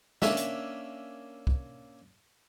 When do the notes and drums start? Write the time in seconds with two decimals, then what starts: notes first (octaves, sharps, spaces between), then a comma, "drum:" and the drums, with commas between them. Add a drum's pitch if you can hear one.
0.22 A#3 C#4 D4 E5, drum: snare
0.37 drum: hi-hat
1.47 drum: kick